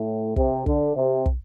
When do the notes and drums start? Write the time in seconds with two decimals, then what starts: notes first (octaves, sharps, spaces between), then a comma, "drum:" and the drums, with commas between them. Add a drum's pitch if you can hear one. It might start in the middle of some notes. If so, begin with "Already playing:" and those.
Already playing: A2
0.36 C3, drum: kick
0.66 D3, drum: kick
0.95 C3
1.26 drum: kick